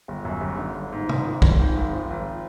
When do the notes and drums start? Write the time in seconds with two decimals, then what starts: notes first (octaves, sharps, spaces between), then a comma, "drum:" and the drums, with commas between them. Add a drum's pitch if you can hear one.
0.08 G1
0.25 F#2
0.41 G1
0.58 D3
0.75 G1
0.92 G#2
1.09 G#1, drum: tom C3
1.26 F3
1.42 G#1, drum: kick
1.59 G#2
1.77 G#1
1.93 F3
2.10 G#1